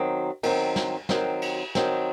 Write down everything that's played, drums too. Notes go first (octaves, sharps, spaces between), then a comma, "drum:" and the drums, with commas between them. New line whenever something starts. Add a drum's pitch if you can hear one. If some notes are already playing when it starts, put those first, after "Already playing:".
Already playing: D#3 F#3 C4
D#3 F#3 C4, drum: cymbal
drum: snare
D#3 F#3 C4, drum: snare
drum: cymbal
D#3 F#3 C4, drum: snare